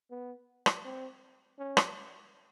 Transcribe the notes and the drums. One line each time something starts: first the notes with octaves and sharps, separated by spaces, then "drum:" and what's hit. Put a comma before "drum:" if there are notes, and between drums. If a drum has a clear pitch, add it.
B3
drum: rim click
C4
C#4
drum: rim click